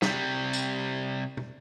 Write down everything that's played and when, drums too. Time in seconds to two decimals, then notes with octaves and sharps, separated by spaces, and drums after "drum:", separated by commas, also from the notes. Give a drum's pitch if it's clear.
0.02 C3 G3, drum: snare
0.53 drum: tambourine
1.37 drum: tom